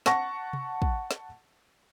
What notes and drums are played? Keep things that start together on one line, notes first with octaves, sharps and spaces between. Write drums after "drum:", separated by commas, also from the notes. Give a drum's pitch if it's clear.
F#5 A5 C#6 A#6, drum: snare
drum: tom
drum: kick
drum: snare